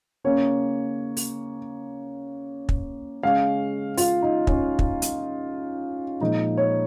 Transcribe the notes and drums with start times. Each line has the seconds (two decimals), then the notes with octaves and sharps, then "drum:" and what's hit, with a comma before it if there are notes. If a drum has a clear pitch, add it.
0.24 C#3 A#3 C#4 C#5
1.17 drum: open hi-hat
2.69 drum: kick
3.23 C#3 G#3 C#4 F5
3.97 F4, drum: open hi-hat
4.22 D#4
4.47 C#4, drum: kick
4.79 drum: kick
5.02 drum: hi-hat
6.20 A#2 F3 G#3 D#4
6.57 C#5